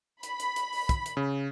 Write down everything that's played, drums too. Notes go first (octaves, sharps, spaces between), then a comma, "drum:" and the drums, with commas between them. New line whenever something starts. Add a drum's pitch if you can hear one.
B5, drum: hi-hat
drum: hi-hat
drum: hi-hat
drum: open hi-hat
drum: kick, hi-hat
drum: hi-hat
C#3